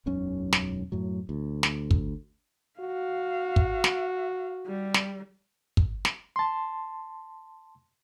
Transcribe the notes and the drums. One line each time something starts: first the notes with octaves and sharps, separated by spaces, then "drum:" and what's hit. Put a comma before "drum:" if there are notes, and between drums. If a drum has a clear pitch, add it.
E1 B1 F#2 C#4
drum: snare
F#2 A2 F#3
D2
drum: snare
drum: kick
F#4 F5
drum: kick
drum: snare
G3
drum: snare
drum: kick
drum: snare
A5 C6